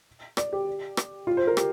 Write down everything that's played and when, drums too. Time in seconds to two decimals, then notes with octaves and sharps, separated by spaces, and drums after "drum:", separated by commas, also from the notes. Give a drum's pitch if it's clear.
0.37 D5, drum: rim click
0.53 G4
0.97 drum: rim click
1.27 F4
1.37 C5
1.47 A#4
1.57 G4, drum: rim click